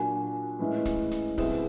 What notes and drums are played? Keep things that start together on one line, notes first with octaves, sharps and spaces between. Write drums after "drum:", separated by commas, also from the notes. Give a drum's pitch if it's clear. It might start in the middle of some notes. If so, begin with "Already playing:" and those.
Already playing: A#2 F#3 A#3 D4 F#4 G#5
A2 E3 G#3 C#4 E4
drum: kick C#1, hi-hat
drum: hi-hat
B2 G3 C4 E4 G#4, drum: kick C#1, open hi-hat